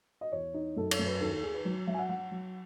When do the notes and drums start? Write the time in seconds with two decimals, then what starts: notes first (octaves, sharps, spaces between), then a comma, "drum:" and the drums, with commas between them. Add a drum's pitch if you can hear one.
0.21 D#5
0.32 E2 C#5
0.54 D#4
0.76 F#2 A4
0.91 A4, drum: cymbal
0.99 F#2
1.06 B4
1.21 D#2 A4
1.32 A4
1.43 D#3 G#4
1.54 B4
1.65 F#3
1.87 F#3 E5
1.94 G#5
1.99 F#5
2.09 F#3 F#5
2.31 F#3